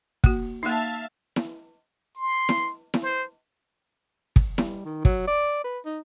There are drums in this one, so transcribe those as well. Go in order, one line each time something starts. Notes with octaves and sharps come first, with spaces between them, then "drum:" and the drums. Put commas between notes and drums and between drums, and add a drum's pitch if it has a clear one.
A#3 F#4, drum: kick
A#3 D#4 E5 F5 A5
drum: snare E4
C6
drum: snare E4
drum: snare E4
C5
drum: kick
G3, drum: snare E4
D#3
F#3, drum: kick
D5
B4
D#4